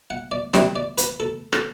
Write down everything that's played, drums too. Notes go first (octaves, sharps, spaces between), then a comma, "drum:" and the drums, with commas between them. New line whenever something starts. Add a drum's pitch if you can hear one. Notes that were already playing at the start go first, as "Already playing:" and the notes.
F#5
D5
C3 G3 C4 C5, drum: snare
D5
B4, drum: hi-hat
A4
A4, drum: rim click